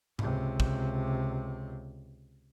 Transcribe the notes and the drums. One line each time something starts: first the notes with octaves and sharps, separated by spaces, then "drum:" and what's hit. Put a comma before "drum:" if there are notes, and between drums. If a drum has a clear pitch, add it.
C#2 C3, drum: tom G#2
drum: kick